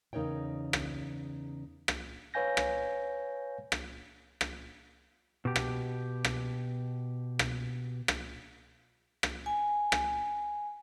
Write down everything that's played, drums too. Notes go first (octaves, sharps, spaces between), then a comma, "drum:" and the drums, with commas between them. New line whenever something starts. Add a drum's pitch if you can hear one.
E2 C#3 D#4 A#4 C#5 G5
drum: rim click
drum: rim click
B4 C#5 F5 G#5 G6 A#6
drum: rim click
drum: rim click
drum: rim click
B2 G4
drum: rim click
drum: rim click
drum: rim click
drum: rim click
drum: rim click
G#5
drum: rim click